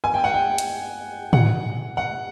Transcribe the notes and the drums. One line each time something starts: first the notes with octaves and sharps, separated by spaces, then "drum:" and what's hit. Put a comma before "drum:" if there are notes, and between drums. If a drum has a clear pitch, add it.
G#5
G5
F#5
G5
drum: hi-hat
F#5, drum: tom
F#5